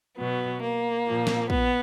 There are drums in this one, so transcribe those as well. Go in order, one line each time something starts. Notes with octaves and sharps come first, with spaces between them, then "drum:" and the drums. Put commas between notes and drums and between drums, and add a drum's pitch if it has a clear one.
B2 F#3 B3
A#3
A#2 F3
drum: snare
B3, drum: kick